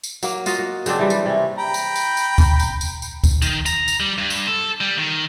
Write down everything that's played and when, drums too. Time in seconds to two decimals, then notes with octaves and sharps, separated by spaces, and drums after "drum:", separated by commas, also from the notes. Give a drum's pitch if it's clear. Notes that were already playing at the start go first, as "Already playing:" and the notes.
0.03 drum: tambourine
0.23 F#3 A#3, drum: tambourine
0.46 F4 F#4 D#5 F5, drum: tambourine
0.59 F#4
0.86 C#3 F#3 C4 D4, drum: tambourine
0.99 E3 G3
1.10 drum: tambourine
1.26 C3 C#4
1.58 G5 A#5 B5
1.74 drum: tambourine
1.96 drum: tambourine
2.17 drum: tambourine
2.38 drum: kick D2, tambourine
2.60 drum: tambourine
2.81 drum: tambourine
3.02 drum: tambourine
3.24 drum: kick D2, tambourine
3.42 D#3, drum: tambourine
3.66 A#5, drum: tambourine
3.88 drum: tambourine
4.00 G3
4.18 G2
4.30 drum: tambourine
4.47 A4
4.81 G3
4.98 D#3